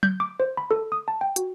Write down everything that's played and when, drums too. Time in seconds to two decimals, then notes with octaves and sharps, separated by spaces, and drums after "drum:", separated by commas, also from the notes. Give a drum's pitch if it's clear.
0.03 G6, drum: tom F#3
0.20 D6
0.40 C5
0.57 B5
0.71 A4
0.92 D#6
1.08 A5
1.21 G5
1.36 F#4, drum: hi-hat